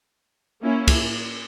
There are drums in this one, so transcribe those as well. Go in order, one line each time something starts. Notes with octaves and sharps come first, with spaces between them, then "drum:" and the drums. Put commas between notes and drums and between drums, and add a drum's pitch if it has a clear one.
A#3 C#4 E4
drum: kick, cymbal